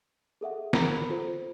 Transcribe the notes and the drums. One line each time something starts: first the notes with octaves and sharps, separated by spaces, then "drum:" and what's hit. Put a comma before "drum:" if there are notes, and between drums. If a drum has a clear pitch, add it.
G#4 A4 E5 F#5
A#4 A#5 B5, drum: snare
F4 A4 C5